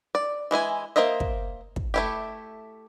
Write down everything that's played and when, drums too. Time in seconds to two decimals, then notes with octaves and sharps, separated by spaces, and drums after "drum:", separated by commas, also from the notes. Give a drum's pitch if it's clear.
0.15 D5
0.51 E3 G#3 E4 G#5
0.96 A#3 A#4 C5 D#5 E5
1.20 drum: kick
1.76 drum: kick
1.94 A3 E4 G4